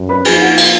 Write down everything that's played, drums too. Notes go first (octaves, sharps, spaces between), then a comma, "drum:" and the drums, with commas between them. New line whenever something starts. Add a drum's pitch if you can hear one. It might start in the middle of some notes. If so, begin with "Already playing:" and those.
Already playing: F#2
B4 B5
F3 A#3 F4 G#4 G#5, drum: cymbal
F#5
F5, drum: cymbal